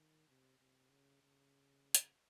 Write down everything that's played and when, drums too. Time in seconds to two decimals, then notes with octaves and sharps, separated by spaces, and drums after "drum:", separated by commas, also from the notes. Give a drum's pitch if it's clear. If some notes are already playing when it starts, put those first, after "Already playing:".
Already playing: D#3
0.28 C3
0.59 C3
0.90 C#3
1.22 C#3
1.95 drum: hi-hat